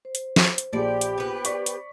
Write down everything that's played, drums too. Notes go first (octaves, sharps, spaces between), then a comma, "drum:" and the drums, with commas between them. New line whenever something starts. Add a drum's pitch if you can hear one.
C5
drum: hi-hat
drum: snare
drum: hi-hat
A#1 F3 G4 G#4 D5 B5
drum: hi-hat
B3 B4
D5 C#6 B6, drum: hi-hat
drum: hi-hat